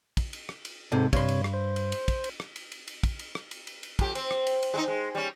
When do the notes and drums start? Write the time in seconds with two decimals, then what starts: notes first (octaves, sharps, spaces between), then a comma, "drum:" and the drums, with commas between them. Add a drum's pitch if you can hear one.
0.17 drum: kick, cymbal
0.33 drum: cymbal
0.49 drum: rim click
0.65 drum: cymbal
0.92 C#2 G#2 C3 A4
1.13 G2 C3 C#5 C6, drum: kick, cymbal
1.28 drum: cymbal
1.44 drum: rim click
1.53 C5
1.76 drum: cymbal
1.92 drum: cymbal
2.08 drum: kick, cymbal
2.24 drum: cymbal
2.40 drum: rim click
2.56 drum: cymbal
2.72 drum: cymbal
2.88 drum: cymbal
3.03 drum: kick, cymbal
3.19 drum: cymbal
3.35 drum: rim click
3.51 drum: cymbal
3.67 drum: cymbal
3.83 drum: cymbal
3.99 F2 G4, drum: kick, cymbal
4.15 C4, drum: cymbal
4.31 drum: rim click
4.47 drum: cymbal
4.63 drum: cymbal
4.74 G#3 C4 D#4
4.88 G#3
5.15 G3 C#4